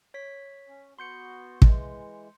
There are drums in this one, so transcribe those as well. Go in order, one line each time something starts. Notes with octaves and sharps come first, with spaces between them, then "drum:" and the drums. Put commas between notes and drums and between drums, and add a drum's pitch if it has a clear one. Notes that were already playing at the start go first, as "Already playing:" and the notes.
C#5 B6
C#4
B3 F#4 C6 G6 C#7
E3 G#3, drum: kick